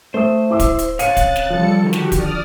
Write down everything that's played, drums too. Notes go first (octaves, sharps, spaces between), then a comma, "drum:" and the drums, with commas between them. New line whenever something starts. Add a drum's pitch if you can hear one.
A3 C5 D#6
E4 D6 E6
drum: kick D1, hi-hat
drum: hi-hat
C3 C#5 F5 F#6 A6 C#7 D#7, drum: hi-hat
drum: kick D1, hi-hat
drum: snare
F3 G3 A4 C#7
D3 D#3 F#4 G4
drum: snare
D5 D#6 F6, drum: kick D1, hi-hat